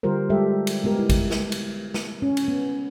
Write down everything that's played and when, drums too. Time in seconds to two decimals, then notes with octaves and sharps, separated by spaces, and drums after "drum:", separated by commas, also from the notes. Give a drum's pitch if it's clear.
0.03 D3 G3 F4 G4 A#4 C5
0.30 G3 G#3 G4 A4 E5
0.67 drum: cymbal
0.84 G#3 B3 G4 A#4
0.99 E4
1.09 drum: kick G#1, cymbal
1.31 drum: snare
1.52 drum: cymbal
1.94 drum: snare
2.22 C#4
2.37 drum: cymbal
2.48 B3